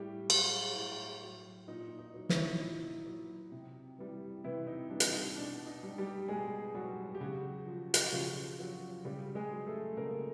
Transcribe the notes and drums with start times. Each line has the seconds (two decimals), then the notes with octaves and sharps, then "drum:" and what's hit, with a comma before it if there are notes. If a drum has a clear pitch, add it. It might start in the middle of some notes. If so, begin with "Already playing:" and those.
Already playing: A2 G3 G4
0.30 F#3, drum: cymbal
0.76 A2
1.22 F#3
1.68 A#2 D#4
1.99 D#4
2.14 F#3
2.29 E3 E4, drum: snare
2.60 A#2 D#4
3.06 F#3
3.52 C3
3.98 E3 G3
4.44 C3 E3 E4
4.67 D#4
4.90 E3 G3 D4
5.00 drum: hi-hat
5.14 D#4
5.36 B2 D4
5.67 D#4
5.83 G3
5.98 G3 G4
6.28 B2 G#3 G#4
6.75 F#3 G3 F#4
7.15 G4
7.21 C#3 F#3 F#4
7.67 F3
7.94 G4, drum: hi-hat
8.04 F#4
8.13 C#3 F3 F4
8.59 F3 F#3 F#4
9.05 C#3 G3 G4
9.35 G#3 G#4
9.51 F#3
9.66 A3 A4
9.97 C#3 A#3 A#4